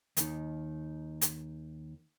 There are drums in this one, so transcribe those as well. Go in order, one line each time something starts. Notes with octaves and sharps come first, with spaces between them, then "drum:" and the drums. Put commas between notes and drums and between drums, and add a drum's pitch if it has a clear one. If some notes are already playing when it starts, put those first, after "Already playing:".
D#2 D#3, drum: hi-hat
drum: hi-hat